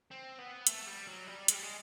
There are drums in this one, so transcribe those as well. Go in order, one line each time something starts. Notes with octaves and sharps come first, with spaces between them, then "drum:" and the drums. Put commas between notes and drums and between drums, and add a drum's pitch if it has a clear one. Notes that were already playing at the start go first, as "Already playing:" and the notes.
C4
B3
A3, drum: hi-hat
G3
F#3
G3
G#3, drum: hi-hat
G3
G#3